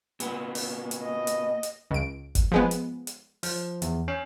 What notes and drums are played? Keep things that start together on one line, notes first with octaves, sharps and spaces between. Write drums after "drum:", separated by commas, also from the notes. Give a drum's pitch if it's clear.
A#2 B3, drum: hi-hat
drum: open hi-hat
drum: hi-hat
D#5
drum: hi-hat
drum: hi-hat
C#2 D7
drum: kick, hi-hat
F3 G#3 B3
drum: hi-hat
drum: hi-hat
F3, drum: open hi-hat
E2, drum: hi-hat
C#4